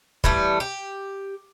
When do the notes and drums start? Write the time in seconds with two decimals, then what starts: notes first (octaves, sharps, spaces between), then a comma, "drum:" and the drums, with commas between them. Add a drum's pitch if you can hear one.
0.24 E3 G3 A3, drum: kick
0.60 G4